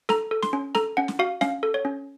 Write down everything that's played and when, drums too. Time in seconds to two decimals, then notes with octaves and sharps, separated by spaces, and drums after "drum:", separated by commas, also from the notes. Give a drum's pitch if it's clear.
0.09 A4 A#5, drum: snare
0.31 A4
0.43 C6, drum: snare
0.53 C#4
0.75 A4 A#5, drum: snare
0.97 C#4 F#5
1.08 drum: snare
1.19 F#4 F5
1.41 C#4 F5, drum: snare
1.63 A4
1.74 C#5
1.85 C#4